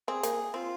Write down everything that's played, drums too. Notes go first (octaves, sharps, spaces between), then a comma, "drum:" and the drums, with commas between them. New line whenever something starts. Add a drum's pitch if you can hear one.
C4 G#4
A#3, drum: hi-hat
C4 F4